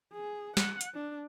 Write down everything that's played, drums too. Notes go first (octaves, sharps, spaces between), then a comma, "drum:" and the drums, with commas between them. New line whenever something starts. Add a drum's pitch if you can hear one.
G#4
F#5, drum: snare
drum: hi-hat
D4